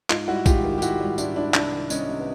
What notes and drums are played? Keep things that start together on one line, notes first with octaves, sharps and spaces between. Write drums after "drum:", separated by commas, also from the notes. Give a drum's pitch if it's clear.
G#2 D#4 F4, drum: clap
G3 E4 F#4
G#2 F4 G4, drum: kick A#1, tambourine
D#3
G4
G#2 E4 F#4, drum: tambourine
G3
G#2 D4 E4, drum: tambourine
D#3 D4 E4
C2 D4 E4, drum: clap
D#3
G3 C#4 D#4, drum: tambourine
C3
B3